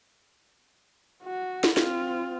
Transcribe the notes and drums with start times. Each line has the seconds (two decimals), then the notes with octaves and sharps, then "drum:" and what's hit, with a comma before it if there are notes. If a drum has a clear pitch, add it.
1.24 F#4
1.64 drum: snare
1.77 C4 F4, drum: snare